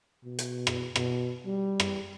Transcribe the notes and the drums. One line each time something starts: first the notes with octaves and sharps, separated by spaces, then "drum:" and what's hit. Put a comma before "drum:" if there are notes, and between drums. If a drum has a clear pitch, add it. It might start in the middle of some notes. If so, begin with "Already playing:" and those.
B2
drum: hi-hat
drum: rim click
B2, drum: rim click
G3
drum: rim click